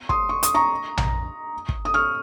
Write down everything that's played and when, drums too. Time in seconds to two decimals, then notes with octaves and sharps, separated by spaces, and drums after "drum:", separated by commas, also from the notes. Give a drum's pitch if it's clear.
0.09 C6 D#6, drum: kick
0.29 C#6
0.43 D#6, drum: hi-hat
0.55 A#5 C#6
0.97 drum: tom A#1
1.69 drum: kick
1.85 D#6
1.94 C#6 F6